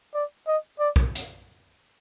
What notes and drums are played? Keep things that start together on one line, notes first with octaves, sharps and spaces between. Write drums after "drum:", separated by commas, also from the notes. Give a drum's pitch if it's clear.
D5
D#5
D5
drum: kick
drum: hi-hat